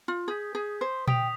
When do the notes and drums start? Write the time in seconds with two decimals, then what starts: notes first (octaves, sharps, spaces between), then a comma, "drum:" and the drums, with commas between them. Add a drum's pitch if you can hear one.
0.08 F4
0.28 G#4 D#6 G6 B6
0.55 G#4
0.81 C5
1.08 G5 D#6 B6 F7, drum: tom A#2